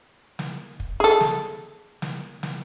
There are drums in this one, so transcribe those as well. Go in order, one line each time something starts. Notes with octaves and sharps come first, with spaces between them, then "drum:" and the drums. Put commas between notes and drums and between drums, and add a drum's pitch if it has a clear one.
drum: snare
drum: kick
G#4 A4
drum: snare
drum: snare
drum: snare